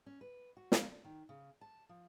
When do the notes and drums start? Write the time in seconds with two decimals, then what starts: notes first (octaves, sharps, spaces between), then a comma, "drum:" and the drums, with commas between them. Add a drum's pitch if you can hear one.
0.06 C#4
0.21 B4
0.57 F#4
0.72 A#3, drum: snare
0.90 D4
1.04 D#3
1.29 C#3
1.61 A5
1.89 F3